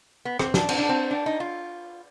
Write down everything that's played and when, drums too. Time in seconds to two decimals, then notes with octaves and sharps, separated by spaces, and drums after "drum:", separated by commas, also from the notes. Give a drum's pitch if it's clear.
0.25 B3
0.39 C4, drum: rim click
0.54 D4, drum: snare
0.69 C4, drum: cymbal
0.78 D4
0.89 C4
1.11 D4
1.26 D#4
1.40 F4